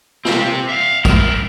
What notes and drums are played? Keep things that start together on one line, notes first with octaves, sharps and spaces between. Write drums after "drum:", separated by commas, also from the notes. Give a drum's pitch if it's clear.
C4 G4, drum: snare
E5 F5
E4 A#4, drum: kick, tambourine